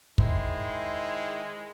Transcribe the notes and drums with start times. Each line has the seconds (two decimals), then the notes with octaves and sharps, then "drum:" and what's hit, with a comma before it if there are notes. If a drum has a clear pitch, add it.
0.18 D#3 G#3 E4 C5, drum: kick